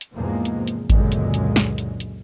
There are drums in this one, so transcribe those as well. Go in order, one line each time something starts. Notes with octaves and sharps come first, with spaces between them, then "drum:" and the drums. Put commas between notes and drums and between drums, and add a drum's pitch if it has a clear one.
drum: hi-hat
E2 G#2 C3 F3 G#3 A#3
drum: hi-hat
drum: hi-hat
C#2 F#2 A#2 D3 G#3, drum: kick G#1, hi-hat
drum: hi-hat
drum: hi-hat
drum: snare
drum: hi-hat
drum: hi-hat